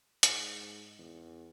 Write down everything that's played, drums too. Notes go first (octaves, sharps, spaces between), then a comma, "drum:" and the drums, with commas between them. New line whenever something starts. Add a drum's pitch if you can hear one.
G#2, drum: hi-hat
E2